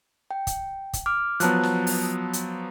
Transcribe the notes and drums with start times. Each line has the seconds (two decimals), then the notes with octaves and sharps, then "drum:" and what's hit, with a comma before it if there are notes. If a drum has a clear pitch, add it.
0.31 G5
0.47 drum: kick, hi-hat
0.93 drum: kick, hi-hat
1.06 D6 F6
1.40 F3 F#3 B3 A5 F#6, drum: hi-hat
1.63 drum: snare
1.87 drum: open hi-hat
2.33 drum: hi-hat